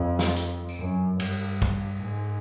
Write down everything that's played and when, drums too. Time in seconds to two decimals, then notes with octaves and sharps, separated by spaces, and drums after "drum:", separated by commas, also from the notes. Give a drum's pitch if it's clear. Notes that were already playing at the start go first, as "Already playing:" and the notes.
Already playing: F2
0.19 drum: snare
0.36 drum: hi-hat
0.69 drum: tambourine
0.79 F#2
1.20 G2, drum: cymbal
1.62 drum: kick
2.03 G#2